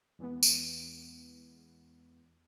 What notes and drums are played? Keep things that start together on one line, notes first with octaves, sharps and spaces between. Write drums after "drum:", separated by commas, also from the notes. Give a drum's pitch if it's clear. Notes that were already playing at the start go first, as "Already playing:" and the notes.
E2 E3 G#3 B3
drum: tambourine